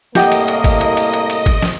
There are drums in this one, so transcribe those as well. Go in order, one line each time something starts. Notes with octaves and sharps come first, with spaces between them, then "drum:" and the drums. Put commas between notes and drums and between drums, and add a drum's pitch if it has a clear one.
C2 A2 A#3 G4 D#5 F#5 G5, drum: snare
drum: cymbal
drum: cymbal
drum: kick, cymbal
drum: cymbal
drum: cymbal
drum: cymbal
drum: cymbal
drum: kick, cymbal
drum: snare